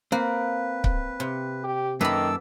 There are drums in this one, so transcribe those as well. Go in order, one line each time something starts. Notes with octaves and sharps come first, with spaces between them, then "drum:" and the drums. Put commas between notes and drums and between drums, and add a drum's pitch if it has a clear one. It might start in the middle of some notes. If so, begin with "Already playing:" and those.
A#3 C4 B4
drum: kick C#1
C3
G4
F#2 D#3 A#3 A4 B4 B5 D6 E6